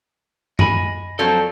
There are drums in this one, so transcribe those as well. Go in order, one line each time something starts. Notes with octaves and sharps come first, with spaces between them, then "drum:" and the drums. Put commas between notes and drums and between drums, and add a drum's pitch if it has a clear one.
D#5 G#5 B5, drum: tom F#2
F3 F#3 C4 A4 D5